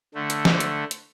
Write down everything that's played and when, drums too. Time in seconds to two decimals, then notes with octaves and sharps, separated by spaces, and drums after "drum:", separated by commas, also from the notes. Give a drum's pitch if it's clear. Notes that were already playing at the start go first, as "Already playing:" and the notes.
0.15 D3 A3
0.30 drum: hi-hat
0.45 drum: snare
0.60 drum: hi-hat
0.91 drum: hi-hat